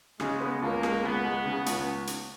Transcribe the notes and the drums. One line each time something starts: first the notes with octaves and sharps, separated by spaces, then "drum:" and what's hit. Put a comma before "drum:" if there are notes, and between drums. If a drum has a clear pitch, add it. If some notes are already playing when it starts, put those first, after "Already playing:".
C#3 G#3, drum: rim click
B3
C#2 A#3
G#3, drum: rim click
C#2 B3
G#3
C#3
C#2, drum: hi-hat
drum: hi-hat